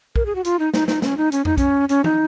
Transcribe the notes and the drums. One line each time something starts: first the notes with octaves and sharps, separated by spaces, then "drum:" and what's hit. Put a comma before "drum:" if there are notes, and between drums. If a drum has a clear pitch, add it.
A#4, drum: kick
G#4
F#4
F4, drum: hi-hat
D#4
D#4, drum: snare
D#4, drum: snare
C#4, drum: snare
D#4
C#4, drum: hi-hat
D#4, drum: tom F2
C#4, drum: kick, hi-hat
C#4, drum: hi-hat
D#4, drum: tom